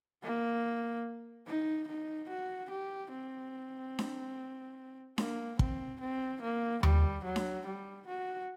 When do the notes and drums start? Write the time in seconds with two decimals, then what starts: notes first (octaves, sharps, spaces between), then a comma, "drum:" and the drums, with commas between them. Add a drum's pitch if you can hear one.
0.22 A#3
1.47 D#4
1.88 D#4
2.29 F#4
2.70 G4
3.11 C4
3.99 drum: snare D4
5.18 A#3, drum: snare D4
5.59 C4, drum: kick
6.00 C4
6.42 A#3
6.83 G3, drum: tom D#2
7.24 F#3
7.36 drum: snare D4
7.66 G3
8.07 F#4